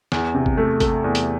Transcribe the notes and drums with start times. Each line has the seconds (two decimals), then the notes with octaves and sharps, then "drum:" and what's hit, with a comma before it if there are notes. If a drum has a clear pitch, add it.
0.12 E2, drum: snare
0.35 C3
0.46 drum: kick G#1
0.57 A3
0.80 A3, drum: kick G#1, hi-hat
1.04 E2
1.15 drum: hi-hat